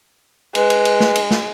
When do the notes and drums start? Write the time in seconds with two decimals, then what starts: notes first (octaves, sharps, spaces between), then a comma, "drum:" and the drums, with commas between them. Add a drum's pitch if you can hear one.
0.55 G#3 B4, drum: cymbal
0.70 drum: cymbal
0.85 drum: cymbal
1.00 drum: snare
1.15 drum: cymbal
1.31 drum: snare